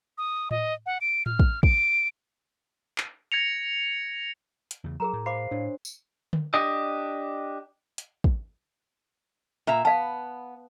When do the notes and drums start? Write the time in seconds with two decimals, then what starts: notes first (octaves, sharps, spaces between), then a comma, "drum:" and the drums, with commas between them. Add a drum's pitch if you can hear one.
0.18 D#6
0.51 D#5, drum: tom A2
0.86 F#5
1.01 D7
1.26 F6, drum: tom A2
1.39 drum: kick
1.63 D7, drum: kick
2.98 drum: clap
3.32 G#6 A#6 C#7 F7
4.71 drum: hi-hat
4.84 E2 C#3
5.00 F#3 G#4 A#4 A#5
5.13 A2
5.26 C5 F5 B5 D6 C7
5.51 A2 D4 C5 C#5
5.85 drum: tambourine
6.33 drum: tom D3
6.54 D4 G4 D#5
7.98 drum: hi-hat
8.24 drum: kick
9.67 A#2 E5 A#5
9.85 B3 F5 A5